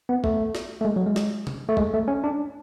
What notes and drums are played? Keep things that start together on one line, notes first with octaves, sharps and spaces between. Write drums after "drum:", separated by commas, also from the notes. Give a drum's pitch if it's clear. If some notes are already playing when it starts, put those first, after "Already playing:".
B3
A3, drum: kick
drum: snare
A3
G#3
F#3
G#3
drum: snare
drum: tom
A3
G#3, drum: kick
A3
C#4
D4